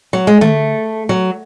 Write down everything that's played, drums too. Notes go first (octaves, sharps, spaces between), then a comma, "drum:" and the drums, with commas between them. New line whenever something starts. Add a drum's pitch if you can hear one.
F#3
G#3
A3, drum: tom D3
F#3